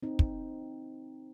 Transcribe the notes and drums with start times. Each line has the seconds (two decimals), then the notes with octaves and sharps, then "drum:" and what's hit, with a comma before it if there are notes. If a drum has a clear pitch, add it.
0.03 C4 D#4
0.19 drum: kick